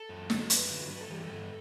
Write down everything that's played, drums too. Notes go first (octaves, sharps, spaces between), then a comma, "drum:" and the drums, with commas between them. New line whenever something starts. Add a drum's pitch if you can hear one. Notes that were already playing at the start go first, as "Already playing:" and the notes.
Already playing: A4
F#2
D3 F#3, drum: snare
A4
F#2 B4, drum: hi-hat
D3 F#3
G2 B4
A4
E3 G3 G4
A4
G2